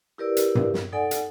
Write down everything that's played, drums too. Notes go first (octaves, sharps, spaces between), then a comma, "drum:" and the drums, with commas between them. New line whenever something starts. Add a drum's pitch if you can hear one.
E4 G4 A#4 B4 D5
drum: hi-hat
drum: tom G2
drum: snare
D#4 A4 D5 F#5 G#5
drum: hi-hat